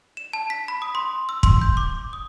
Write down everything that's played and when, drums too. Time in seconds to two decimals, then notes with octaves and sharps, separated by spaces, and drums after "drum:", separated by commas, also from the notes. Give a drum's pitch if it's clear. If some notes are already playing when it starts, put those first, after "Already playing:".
0.17 E7
0.33 A5
0.50 B6
0.68 B5
0.82 D#6
0.95 C6
1.29 E6
1.43 C6, drum: kick
1.61 G6
1.77 D6
2.13 D#6